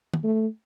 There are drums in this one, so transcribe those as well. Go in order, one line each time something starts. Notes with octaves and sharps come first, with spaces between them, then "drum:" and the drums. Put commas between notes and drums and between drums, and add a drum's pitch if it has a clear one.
drum: tom
A3